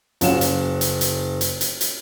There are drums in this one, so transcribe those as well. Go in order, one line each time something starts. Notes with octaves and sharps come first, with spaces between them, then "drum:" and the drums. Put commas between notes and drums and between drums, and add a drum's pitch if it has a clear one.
F#1 F#3 C#4 F4 F#5 E7, drum: hi-hat
drum: hi-hat
drum: hi-hat
drum: hi-hat
drum: hi-hat
drum: hi-hat
drum: hi-hat